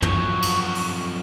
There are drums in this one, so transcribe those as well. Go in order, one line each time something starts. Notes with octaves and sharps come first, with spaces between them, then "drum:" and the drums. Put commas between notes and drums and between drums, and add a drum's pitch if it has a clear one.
F2 F#3 C#6, drum: tom
drum: cymbal
drum: open hi-hat